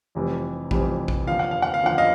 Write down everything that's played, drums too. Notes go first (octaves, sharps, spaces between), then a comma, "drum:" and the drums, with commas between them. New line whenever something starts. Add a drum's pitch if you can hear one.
F1 F2 C3 E3 G3
F1 F2 C3 E3 G3, drum: kick
drum: kick
D#2 D3 F3 F5
F#5
F5
F#5
F5
D#2 D3 F3 F#5
D#5 F5